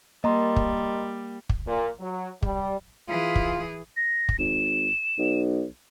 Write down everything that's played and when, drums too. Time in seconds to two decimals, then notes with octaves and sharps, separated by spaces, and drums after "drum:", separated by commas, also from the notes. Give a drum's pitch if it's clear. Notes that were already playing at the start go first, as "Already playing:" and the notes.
0.24 G3 A#3 D#5 A#5 C6
0.56 drum: kick
1.49 drum: kick
1.67 A#2
2.00 F#3
2.42 G3, drum: kick
3.09 E3 F4 G#4
3.36 drum: kick
3.97 A#6
4.29 drum: kick
4.39 G#1 E7
5.18 B1